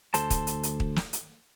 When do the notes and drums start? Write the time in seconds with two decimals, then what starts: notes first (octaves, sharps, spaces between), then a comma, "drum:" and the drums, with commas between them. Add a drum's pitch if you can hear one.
0.14 D2 A4 C5 A5, drum: hi-hat
0.30 drum: kick, hi-hat
0.47 drum: hi-hat
0.63 drum: hi-hat
0.80 drum: kick
0.96 drum: snare
1.13 drum: hi-hat